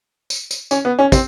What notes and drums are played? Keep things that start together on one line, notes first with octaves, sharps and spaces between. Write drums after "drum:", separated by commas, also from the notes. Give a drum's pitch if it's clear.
drum: tambourine
drum: tambourine
C#4, drum: tambourine
B3
C#4
C4, drum: kick, tambourine